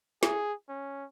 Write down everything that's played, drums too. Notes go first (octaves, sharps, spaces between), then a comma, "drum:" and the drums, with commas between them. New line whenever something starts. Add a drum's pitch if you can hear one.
G#4, drum: snare
C#4